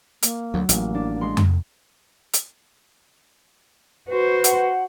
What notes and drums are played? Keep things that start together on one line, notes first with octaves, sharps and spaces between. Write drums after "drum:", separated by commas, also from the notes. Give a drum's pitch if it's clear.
A#3, drum: hi-hat
D2 F#3
A1 A#3, drum: hi-hat
D4
G#3 C6
drum: tom F2
drum: hi-hat
F#4 B4 C5
F#5, drum: hi-hat